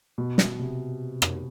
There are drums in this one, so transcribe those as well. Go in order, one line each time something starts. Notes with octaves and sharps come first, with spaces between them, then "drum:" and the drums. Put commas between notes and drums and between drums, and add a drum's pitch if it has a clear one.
B2
B2, drum: snare
C3
drum: rim click